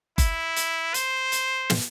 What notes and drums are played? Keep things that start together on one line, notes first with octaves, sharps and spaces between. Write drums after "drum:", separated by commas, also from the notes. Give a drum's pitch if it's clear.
E4, drum: kick F#1, hi-hat
drum: hi-hat
C5, drum: hi-hat
drum: hi-hat
drum: snare